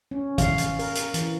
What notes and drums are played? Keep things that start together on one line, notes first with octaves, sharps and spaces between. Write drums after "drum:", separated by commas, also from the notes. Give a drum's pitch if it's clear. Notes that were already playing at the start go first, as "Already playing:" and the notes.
C#4
F5, drum: kick, hi-hat
drum: hi-hat
A#4, drum: open hi-hat
drum: hi-hat
E3, drum: hi-hat